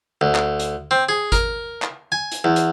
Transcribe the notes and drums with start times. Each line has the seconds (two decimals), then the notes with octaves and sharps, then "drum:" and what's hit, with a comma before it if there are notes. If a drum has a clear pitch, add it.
0.21 D2
0.35 drum: clap
0.59 drum: hi-hat
0.91 C4
1.09 G#4
1.32 A#4, drum: kick G#1, hi-hat
1.82 drum: clap
2.12 G#5
2.32 drum: hi-hat
2.44 E2
2.56 drum: hi-hat